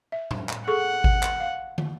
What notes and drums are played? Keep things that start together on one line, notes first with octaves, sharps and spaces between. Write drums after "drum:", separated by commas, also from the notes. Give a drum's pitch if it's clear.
E5
drum: tom A2
drum: clap
G#4 A4 F#5 C#6
drum: kick G#1
drum: clap
F5
drum: tom